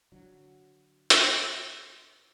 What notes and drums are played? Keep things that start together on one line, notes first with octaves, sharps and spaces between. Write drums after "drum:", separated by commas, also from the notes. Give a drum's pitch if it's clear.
D3 F#3
drum: hi-hat